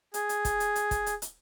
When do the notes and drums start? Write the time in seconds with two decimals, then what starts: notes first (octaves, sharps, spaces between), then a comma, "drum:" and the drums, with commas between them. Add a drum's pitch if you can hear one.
0.14 G#4, drum: hi-hat
0.29 drum: hi-hat
0.45 drum: kick, hi-hat
0.60 drum: hi-hat
0.76 drum: hi-hat
0.91 drum: kick, hi-hat
1.06 drum: hi-hat
1.22 drum: hi-hat